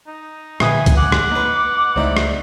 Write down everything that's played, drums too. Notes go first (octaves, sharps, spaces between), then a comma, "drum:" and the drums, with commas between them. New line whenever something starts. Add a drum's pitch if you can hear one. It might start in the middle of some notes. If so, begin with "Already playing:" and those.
D#4
F2 A#2 D3 B4 E5 G#5 D#6, drum: rim click
drum: kick, hi-hat
F#5 D6
drum: rim click
A#3 D#4 B4
C#2 G#3 A3 C4 D#4 E4 D5
drum: rim click